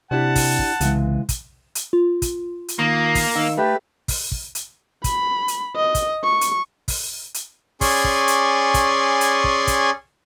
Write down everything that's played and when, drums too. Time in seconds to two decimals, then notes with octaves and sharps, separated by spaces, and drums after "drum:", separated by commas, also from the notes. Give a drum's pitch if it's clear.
0.11 C3 D4 E4 G4 F#5 A5
0.35 drum: kick, open hi-hat
0.59 drum: kick
0.81 C2 C#3 E3 G#3, drum: hi-hat
1.29 drum: kick, hi-hat
1.75 drum: hi-hat
1.93 F4
2.22 drum: kick, hi-hat
2.68 drum: hi-hat
2.79 D#2 A#3 D#6
3.15 drum: kick, open hi-hat
3.36 D#3 F5 E6
3.57 A3 G4 B4
4.08 drum: kick, open hi-hat
4.32 drum: kick
4.55 drum: hi-hat
5.04 B5, drum: kick, hi-hat
5.48 drum: hi-hat
5.76 D#5
5.95 drum: kick, hi-hat
6.24 C#6
6.41 drum: hi-hat
6.88 drum: kick, open hi-hat
7.34 drum: hi-hat
7.81 C#4 G#4 D5 G#5 C6 C#6, drum: kick, open hi-hat
8.04 drum: kick
8.28 drum: hi-hat
8.74 drum: kick, hi-hat
9.21 drum: hi-hat
9.44 drum: kick
9.67 drum: kick, hi-hat